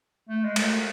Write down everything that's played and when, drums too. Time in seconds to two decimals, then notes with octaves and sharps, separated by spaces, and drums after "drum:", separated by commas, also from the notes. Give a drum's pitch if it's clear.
0.29 A3
0.45 G#3
0.56 A3, drum: cymbal